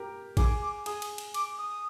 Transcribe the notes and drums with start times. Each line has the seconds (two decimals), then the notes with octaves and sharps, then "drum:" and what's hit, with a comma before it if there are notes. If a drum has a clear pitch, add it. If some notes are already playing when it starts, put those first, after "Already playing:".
Already playing: G4 A#4
0.37 G#4 D6, drum: kick A1, cymbal
0.62 D6
0.86 G#4 D#6, drum: cymbal
1.02 drum: cymbal
1.18 drum: cymbal
1.34 D6, drum: cymbal
1.58 D#6